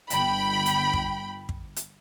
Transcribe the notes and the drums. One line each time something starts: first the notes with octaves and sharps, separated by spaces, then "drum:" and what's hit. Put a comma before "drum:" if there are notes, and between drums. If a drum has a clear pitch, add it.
G1 G5 B5, drum: hi-hat
drum: hi-hat
drum: kick
drum: kick
drum: hi-hat